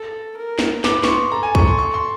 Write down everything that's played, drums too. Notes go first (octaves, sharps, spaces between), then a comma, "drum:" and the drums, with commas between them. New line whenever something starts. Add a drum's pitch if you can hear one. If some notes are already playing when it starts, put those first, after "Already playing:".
Already playing: A4
A#4
drum: snare
B4 D6, drum: snare
C#6, drum: snare
C6
A4 A#5
G#5
C#6, drum: kick C2
C6
C#6
C6